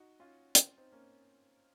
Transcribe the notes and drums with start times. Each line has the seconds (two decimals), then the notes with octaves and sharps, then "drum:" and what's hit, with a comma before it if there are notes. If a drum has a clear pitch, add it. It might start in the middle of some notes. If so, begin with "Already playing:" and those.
Already playing: D#4 F#4
0.20 C#4 F4
0.55 drum: hi-hat
0.78 C4 D#4
0.92 A#3 C#4